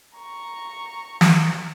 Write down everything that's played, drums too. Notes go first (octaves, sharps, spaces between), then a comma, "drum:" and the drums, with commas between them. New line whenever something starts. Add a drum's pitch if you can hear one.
A#5 C#6
drum: snare